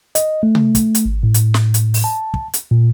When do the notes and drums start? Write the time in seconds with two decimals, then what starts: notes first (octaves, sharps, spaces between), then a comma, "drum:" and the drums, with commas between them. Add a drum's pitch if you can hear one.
0.15 D#5, drum: hi-hat
0.43 A3
0.55 drum: tom C3
0.75 drum: kick, hi-hat
0.95 drum: hi-hat
1.05 G#1
1.23 A2
1.34 drum: hi-hat
1.54 drum: snare
1.74 drum: hi-hat
1.94 drum: open hi-hat
2.04 A5
2.34 drum: kick
2.54 drum: hi-hat
2.71 A#2